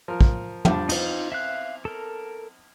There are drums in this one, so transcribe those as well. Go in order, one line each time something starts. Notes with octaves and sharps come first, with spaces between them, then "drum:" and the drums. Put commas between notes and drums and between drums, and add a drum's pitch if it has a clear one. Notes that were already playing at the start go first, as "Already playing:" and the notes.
F3 A#4
drum: kick
F3 G3 D4, drum: tom
C4 D#4 F4, drum: cymbal
E5 F5 F#6
A4 A#4